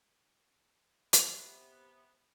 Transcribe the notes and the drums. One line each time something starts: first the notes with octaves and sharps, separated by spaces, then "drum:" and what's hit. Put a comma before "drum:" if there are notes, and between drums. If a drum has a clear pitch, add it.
C3 B3, drum: hi-hat